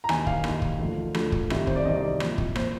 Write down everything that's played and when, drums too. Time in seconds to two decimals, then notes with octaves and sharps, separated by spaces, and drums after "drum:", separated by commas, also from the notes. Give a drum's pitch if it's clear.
0.04 A#5
0.09 D#2 D#3 G#5, drum: rim click
0.27 F5, drum: kick
0.44 D#2 D#3, drum: rim click
0.62 drum: kick
0.79 D2 D3 F3
1.14 D2 D3 F3, drum: rim click
1.32 drum: kick
1.50 C2 C3 D#3, drum: rim click
1.67 C5, drum: kick
1.75 D5
1.85 C2 C3 D#3 D#5
2.03 D5
2.20 C2 A#2 F3, drum: rim click
2.38 drum: kick
2.55 A#2 F3 C5, drum: rim click